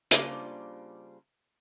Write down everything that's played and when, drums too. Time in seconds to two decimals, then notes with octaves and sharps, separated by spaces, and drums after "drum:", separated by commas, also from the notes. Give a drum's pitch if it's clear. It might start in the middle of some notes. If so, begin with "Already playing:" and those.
0.11 C#3 G3 A#3 D4 F4 C5, drum: hi-hat